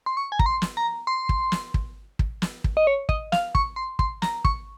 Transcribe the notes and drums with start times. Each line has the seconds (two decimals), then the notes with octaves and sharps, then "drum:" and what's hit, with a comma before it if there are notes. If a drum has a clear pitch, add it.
0.06 C6
0.17 C#6
0.32 G#5
0.39 A#5, drum: kick
0.46 C6
0.62 drum: snare
0.77 A#5
1.07 C6
1.29 drum: kick
1.52 drum: snare
1.74 drum: kick
2.19 drum: kick
2.42 drum: snare
2.64 drum: kick
2.77 D#5
2.87 C#5
3.09 D#5, drum: kick
3.32 F5, drum: snare
3.55 C#6, drum: kick
3.76 C6
3.99 C6, drum: kick
4.22 A#5, drum: snare
4.45 C#6, drum: kick